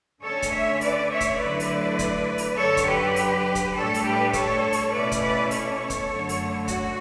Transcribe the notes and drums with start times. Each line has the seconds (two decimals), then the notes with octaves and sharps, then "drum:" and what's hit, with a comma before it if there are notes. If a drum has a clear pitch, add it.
0.22 D3 A3 C#4 A4 C#5
0.42 drum: kick, hi-hat
0.52 C#5 E5
0.81 B4 D5, drum: open hi-hat
1.10 C#5 E5
1.21 drum: kick, hi-hat
1.40 D3 F#3 A3 E4 B4 D5
1.60 drum: open hi-hat
1.99 drum: kick, hi-hat
2.38 drum: open hi-hat
2.57 F#2 D3 F#3 A4 C#5
2.77 drum: kick, hi-hat
2.86 G4 B4
3.16 drum: open hi-hat
3.55 drum: kick, hi-hat
3.75 A2 G3 D4 A4 C#5
3.94 drum: open hi-hat
4.03 G4 B4
4.33 A4 C#5, drum: kick, hi-hat
4.73 drum: open hi-hat
4.91 B2 A3 C#4 E4 B4 D5
5.12 drum: kick, hi-hat
5.21 B4 D5
5.51 A4 C#5, drum: open hi-hat
5.90 drum: kick, hi-hat
6.09 F#2 D3 A3
6.29 drum: open hi-hat
6.68 F#4, drum: kick, hi-hat